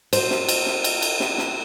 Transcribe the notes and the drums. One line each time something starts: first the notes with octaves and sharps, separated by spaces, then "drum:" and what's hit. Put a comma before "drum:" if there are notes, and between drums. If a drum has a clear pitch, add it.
F#4 C5, drum: cymbal
drum: snare
drum: cymbal
drum: snare
drum: cymbal
drum: cymbal
drum: snare
drum: snare